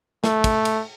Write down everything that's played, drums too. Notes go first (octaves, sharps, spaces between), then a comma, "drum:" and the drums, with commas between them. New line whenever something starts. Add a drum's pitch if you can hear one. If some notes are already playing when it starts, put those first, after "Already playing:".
A3, drum: snare
drum: kick, cymbal
drum: cymbal